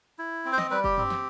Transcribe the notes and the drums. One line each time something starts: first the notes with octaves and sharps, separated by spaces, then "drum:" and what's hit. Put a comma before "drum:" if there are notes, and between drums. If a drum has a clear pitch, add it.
E4
C4
C5
D#5, drum: snare
G3 B4
G4, drum: kick
C4, drum: tom F#2
drum: snare